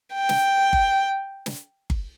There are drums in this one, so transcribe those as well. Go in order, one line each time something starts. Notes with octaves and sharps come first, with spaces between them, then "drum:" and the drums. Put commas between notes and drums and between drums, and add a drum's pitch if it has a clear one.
G5
drum: snare
drum: kick G1
drum: snare
drum: kick G1